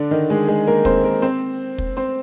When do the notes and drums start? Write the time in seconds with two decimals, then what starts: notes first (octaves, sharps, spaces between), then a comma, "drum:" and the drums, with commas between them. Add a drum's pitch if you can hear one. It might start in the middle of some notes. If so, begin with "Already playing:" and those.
Already playing: D3 D4
0.11 D#3 D#4
0.30 G#3 G#4
0.48 G#3 G#4
0.67 A#3 A#4
0.85 C4 C5, drum: kick
1.04 A#3 A#4
1.22 C4 C5
1.78 drum: kick
1.97 C4 C5